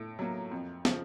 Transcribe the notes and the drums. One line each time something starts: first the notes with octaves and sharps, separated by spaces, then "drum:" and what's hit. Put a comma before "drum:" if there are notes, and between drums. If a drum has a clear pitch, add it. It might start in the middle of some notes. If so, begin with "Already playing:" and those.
Already playing: A2
F#3 A#3
F2
C#3 F3, drum: snare